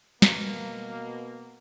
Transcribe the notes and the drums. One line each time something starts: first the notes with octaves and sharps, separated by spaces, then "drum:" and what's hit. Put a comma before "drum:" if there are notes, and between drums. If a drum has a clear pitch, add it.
B2 A#3, drum: snare